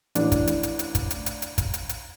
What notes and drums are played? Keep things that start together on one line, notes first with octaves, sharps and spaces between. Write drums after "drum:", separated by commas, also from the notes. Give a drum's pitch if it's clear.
A1 A2 E3 D4, drum: hi-hat
drum: kick, hi-hat
drum: hi-hat
drum: hi-hat
drum: hi-hat
drum: kick, hi-hat
drum: hi-hat
drum: hi-hat
drum: hi-hat
drum: kick, hi-hat
drum: hi-hat
drum: hi-hat